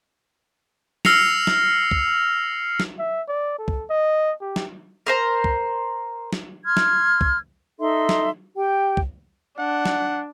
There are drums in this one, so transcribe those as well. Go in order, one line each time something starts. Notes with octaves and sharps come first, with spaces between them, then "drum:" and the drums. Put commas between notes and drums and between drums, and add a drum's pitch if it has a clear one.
E6 F6 A#6 C7 C#7 F7, drum: snare
drum: snare
drum: kick
drum: snare
E5
D5
A4
drum: kick
D#5
G4
drum: snare
A#4 C5 A#5
drum: kick
drum: snare
C6 F6 G#6
drum: snare
drum: kick
D#4 A4 E5 C6
drum: snare
G4 G5
drum: kick
D4 F#5
drum: snare